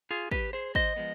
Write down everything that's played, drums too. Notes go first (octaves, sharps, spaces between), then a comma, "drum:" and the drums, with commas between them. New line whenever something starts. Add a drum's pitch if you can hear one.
F4 G#4
G4 B4, drum: kick
G#4 C5
C5 D#5, drum: kick
F3 G#3 B3